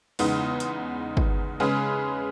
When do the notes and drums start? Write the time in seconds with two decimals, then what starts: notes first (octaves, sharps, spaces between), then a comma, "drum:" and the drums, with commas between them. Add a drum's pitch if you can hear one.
0.19 E2 C#3 G#3 B3 D#4, drum: open hi-hat
0.60 drum: hi-hat
1.17 drum: kick
1.60 C#3 G#3 C#4 G#4 B4